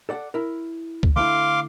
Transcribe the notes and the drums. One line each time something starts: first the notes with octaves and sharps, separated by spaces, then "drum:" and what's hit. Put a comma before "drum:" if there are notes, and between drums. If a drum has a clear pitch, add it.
A4 D5 F#5
E4 A#4
drum: kick C#2
D3 A3 E4 F5 C6 D6